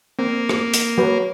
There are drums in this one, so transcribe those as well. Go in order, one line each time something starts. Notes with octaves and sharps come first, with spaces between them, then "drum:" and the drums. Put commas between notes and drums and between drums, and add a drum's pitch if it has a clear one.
A#3 C4
drum: rim click
drum: hi-hat
F#3 B4